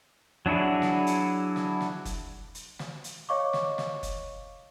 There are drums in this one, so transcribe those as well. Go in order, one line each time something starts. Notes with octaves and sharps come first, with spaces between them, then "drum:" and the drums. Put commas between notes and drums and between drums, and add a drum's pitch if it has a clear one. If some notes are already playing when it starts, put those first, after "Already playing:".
F#3 D4 E4 F#4 G#4
drum: snare
drum: hi-hat
drum: snare
drum: snare
drum: kick F#1, hi-hat
drum: hi-hat
drum: snare
drum: hi-hat
C#5 D#5 F5 C#6 D6
drum: snare
drum: snare
drum: kick F#1, hi-hat